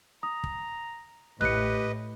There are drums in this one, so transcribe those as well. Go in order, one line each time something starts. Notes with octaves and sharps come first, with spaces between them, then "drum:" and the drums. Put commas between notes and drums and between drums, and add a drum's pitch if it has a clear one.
A#5 D#6
drum: kick
A2 G4 B4 D#5 F#6 C#7, drum: tom A1